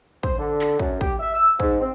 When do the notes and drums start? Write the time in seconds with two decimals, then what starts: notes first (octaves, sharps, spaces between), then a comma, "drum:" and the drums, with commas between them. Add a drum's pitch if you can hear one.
0.23 C5, drum: kick
0.39 D3
0.61 drum: clap
0.79 F#2, drum: kick
1.01 G4, drum: kick
1.20 E5
1.34 E6
1.60 G#2, drum: kick
1.81 C4